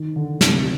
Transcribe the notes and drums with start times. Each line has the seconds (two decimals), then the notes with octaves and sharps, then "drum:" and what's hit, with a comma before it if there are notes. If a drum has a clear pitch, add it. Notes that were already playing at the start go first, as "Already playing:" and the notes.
Already playing: D#3
0.16 D3
0.41 C3, drum: snare